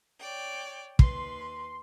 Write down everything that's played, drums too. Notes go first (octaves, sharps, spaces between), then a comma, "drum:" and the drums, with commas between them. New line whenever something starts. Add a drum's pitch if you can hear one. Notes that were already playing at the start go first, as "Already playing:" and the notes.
C#5 D5 G5
D#2 B4 C6, drum: kick